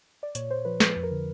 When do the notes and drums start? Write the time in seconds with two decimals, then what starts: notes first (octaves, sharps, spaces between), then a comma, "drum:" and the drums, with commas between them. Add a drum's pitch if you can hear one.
0.23 D5
0.35 A#2 C#5, drum: hi-hat
0.50 A#2 C5
0.65 F3 B4
0.80 F3 B4, drum: snare
0.96 F2
1.03 A#4
1.11 D3